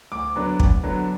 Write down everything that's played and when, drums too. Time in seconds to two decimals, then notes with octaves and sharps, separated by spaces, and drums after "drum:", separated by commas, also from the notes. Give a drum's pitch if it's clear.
0.12 D2 D6
0.36 D3 F#3 B3 D4
0.60 D2, drum: kick
0.83 D3 F#3 B3 D4